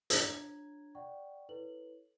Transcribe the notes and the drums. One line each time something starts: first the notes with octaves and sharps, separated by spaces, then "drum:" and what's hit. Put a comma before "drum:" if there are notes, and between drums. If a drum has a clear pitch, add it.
D4 F4 C#5 A#5 G#6, drum: hi-hat
D5 F#5 G5 C#6
E4 A4 B4 C#5 F#7